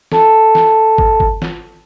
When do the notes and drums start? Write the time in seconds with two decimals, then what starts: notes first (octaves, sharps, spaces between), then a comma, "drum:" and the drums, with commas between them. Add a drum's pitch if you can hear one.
0.12 A4 A5, drum: snare
0.55 drum: snare
0.98 drum: kick
1.20 drum: kick
1.42 drum: snare